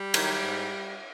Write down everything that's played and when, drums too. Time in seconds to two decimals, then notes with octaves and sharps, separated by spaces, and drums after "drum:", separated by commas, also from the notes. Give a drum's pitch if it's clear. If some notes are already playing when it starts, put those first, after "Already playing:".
Already playing: G3
0.14 D#3 F#3, drum: cymbal
0.43 G#2